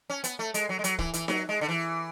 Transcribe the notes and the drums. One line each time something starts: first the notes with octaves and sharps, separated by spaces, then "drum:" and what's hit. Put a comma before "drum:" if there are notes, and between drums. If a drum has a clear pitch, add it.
C#4
B3, drum: hi-hat
A3
G#3, drum: hi-hat
F#3
G#3
F#3, drum: hi-hat
E3, drum: kick
E3, drum: hi-hat
F#3, drum: snare D#4
G#3
D3
E3